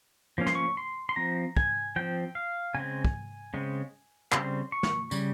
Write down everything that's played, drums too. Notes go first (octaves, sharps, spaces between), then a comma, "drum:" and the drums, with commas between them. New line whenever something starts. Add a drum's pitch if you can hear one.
F3 A#3 C#4
C6, drum: snare
C#6
C6
C6
F3 C4 A#5
G#5, drum: kick
F3 C4 G5
F5
C#3 G#3 C4 G#5
drum: kick
C#3 G#3 C4
C#3 G3 C4 C6, drum: clap
C#6
drum: snare
C#3 G3, drum: tambourine